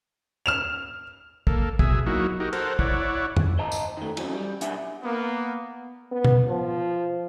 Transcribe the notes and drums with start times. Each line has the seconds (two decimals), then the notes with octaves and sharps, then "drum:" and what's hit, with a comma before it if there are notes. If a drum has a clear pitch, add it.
0.46 F6 E7 F7
1.47 A#3 A4, drum: kick
1.79 B2 G#4 E5, drum: kick
2.06 F#3 A#3 D#4 E4 F#4
2.40 D#4 F#4 G4 A#4
2.53 A4 A#4 C5 F#5, drum: cymbal
2.79 E4 C#5 D5 F#5, drum: kick
3.37 drum: tom F2
3.59 C5 D#5 A5 A#5
3.72 drum: tambourine
3.97 D#3 A3
4.17 E3 F#3 C4 C#4, drum: cymbal
4.34 G3
4.61 B1 G3 D4 E5 F#5 G#5, drum: hi-hat
5.03 A#3 B3
6.12 B3
6.25 drum: tom B2
6.49 F3